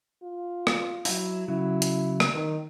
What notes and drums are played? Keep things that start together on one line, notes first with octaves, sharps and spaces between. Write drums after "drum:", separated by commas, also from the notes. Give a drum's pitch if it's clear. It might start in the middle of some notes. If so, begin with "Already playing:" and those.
F4
drum: rim click
F#3 E4, drum: open hi-hat
C#3 F#3 E4
drum: hi-hat
drum: rim click
D#3